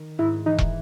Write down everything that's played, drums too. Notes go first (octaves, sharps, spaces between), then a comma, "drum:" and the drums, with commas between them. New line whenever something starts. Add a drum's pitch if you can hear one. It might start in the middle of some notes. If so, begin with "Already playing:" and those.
Already playing: D#3
G#2 E4
E3 D#4
drum: kick E1